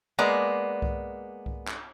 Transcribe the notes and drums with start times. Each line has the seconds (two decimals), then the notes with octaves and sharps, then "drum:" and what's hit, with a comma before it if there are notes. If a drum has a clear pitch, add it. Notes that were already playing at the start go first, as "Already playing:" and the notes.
0.18 G#3 A#3 B3 D5
0.82 drum: kick C2
1.46 drum: kick C2
1.67 drum: clap